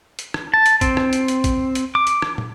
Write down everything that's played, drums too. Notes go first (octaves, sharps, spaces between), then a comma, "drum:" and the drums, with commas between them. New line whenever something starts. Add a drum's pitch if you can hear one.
drum: hi-hat
drum: rim click
A5
drum: hi-hat
C4, drum: kick A1, hi-hat
drum: rim click
drum: hi-hat
drum: hi-hat
drum: kick A1, hi-hat
drum: hi-hat
D6
drum: hi-hat
drum: rim click
drum: tom